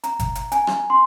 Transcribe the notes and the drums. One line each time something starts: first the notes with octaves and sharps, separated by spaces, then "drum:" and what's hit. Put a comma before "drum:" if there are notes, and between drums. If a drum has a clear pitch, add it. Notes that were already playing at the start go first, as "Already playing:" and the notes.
A#5, drum: hi-hat
drum: kick G1, hi-hat
drum: hi-hat
G#5, drum: hi-hat
drum: rim click
C6